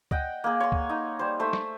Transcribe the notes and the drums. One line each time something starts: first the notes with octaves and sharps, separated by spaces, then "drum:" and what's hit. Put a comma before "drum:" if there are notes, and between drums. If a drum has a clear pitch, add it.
D#5 F#5 G5, drum: kick C#2
A#3 G#4
C#5 C6
drum: kick C#2
D#4
G3 C5
A3 C5 E5
drum: snare